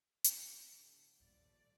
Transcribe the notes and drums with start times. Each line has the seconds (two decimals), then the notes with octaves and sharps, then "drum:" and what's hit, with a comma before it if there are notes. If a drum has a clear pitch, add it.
0.24 B3 G4, drum: hi-hat
0.74 A2 D3
1.20 A#1 D#2 F3 G3 A3 D5